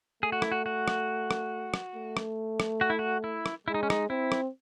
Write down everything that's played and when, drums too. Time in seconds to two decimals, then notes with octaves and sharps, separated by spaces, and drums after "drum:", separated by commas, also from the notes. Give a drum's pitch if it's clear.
0.23 A3 G#4
0.32 F#4
0.42 E4, drum: rim click
0.52 F#4
0.66 F#4
0.88 drum: rim click
1.31 drum: rim click
1.74 drum: rim click
1.96 A3
2.17 drum: rim click
2.60 drum: rim click
2.81 F#4
2.90 E4
2.99 F#4
3.24 E4
3.46 drum: rim click
3.67 G#3 E4
3.74 D#4
3.83 C#4
3.90 D#4, drum: rim click
4.10 C4 E4
4.32 drum: rim click